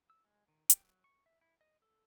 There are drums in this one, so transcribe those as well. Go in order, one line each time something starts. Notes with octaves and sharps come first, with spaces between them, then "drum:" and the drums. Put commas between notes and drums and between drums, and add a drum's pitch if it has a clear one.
E6
G#3
D#3
G5, drum: hi-hat
F#3
C#6
E5
E4
D#5
A4